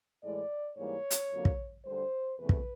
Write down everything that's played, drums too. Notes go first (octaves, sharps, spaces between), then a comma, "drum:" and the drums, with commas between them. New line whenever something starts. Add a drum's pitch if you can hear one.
A2 E3 G#3 D5
G#2 E3 G3 A#3 C#5
drum: hi-hat
F2 D3 F#3 A#3
drum: kick
D2 D3 G3 C5
E2 C3 E3 A3 B4
drum: kick